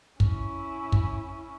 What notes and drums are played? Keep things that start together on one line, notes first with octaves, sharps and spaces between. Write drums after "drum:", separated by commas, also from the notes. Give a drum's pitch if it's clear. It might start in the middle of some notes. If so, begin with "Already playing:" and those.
C#4 E4, drum: kick
drum: kick